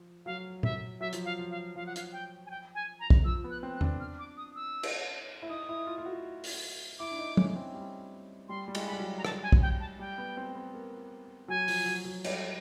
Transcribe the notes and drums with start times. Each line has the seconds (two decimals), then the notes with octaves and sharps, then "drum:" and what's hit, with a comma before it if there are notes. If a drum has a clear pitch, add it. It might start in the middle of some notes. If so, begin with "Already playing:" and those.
Already playing: F3
0.26 F#3 F5
0.63 E5, drum: tom A#2
1.00 F#3 E5
1.13 F3, drum: hi-hat
1.25 F5
1.39 F3
1.50 F5
1.75 F3 F5
1.86 F#5
1.96 F5, drum: hi-hat
2.13 G5
2.46 G#5
2.50 G5
2.75 G#5
3.00 A#5
3.10 drum: kick
3.25 F3 E6
3.44 B3
3.50 F#6
3.63 C4
3.75 F#6
3.81 D4, drum: tom E2
4.00 F6
4.19 D6
4.37 D#6
4.56 E6
4.83 drum: cymbal
5.42 E4
5.49 D#4 D#6
5.69 E4
5.87 F4
5.98 F4
6.05 F#4
6.44 drum: open hi-hat
6.99 E4 D6
7.11 D4
7.18 D#4
7.37 C#4, drum: tom
7.56 C4
7.74 G3
8.49 G3 C6
8.68 G3
8.75 G#3, drum: cymbal
8.86 B5
8.92 G3
9.00 F#3
9.18 A#5
9.25 A5, drum: rim click
9.43 G#5
9.52 drum: kick
9.62 G5
9.80 A5
9.99 G3 G5
10.18 B3
10.37 C4
10.55 B3
10.74 A#3
11.48 F#3 G#5
11.68 F3, drum: open hi-hat
11.86 F#3
12.05 F#3
12.24 G3, drum: cymbal